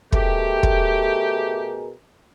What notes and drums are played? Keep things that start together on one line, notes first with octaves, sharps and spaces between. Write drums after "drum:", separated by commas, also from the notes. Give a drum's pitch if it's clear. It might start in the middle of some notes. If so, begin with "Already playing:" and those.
B2 A3 G4 G#4 A#4, drum: kick
drum: kick